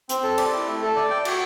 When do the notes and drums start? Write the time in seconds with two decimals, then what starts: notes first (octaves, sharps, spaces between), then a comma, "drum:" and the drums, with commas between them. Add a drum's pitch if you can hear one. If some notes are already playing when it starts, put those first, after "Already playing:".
0.09 C4, drum: hi-hat
0.23 A4
0.38 D5, drum: cymbal
0.53 E4
0.67 A3
0.82 A4
0.96 D5
1.11 G5
1.25 F#4, drum: cymbal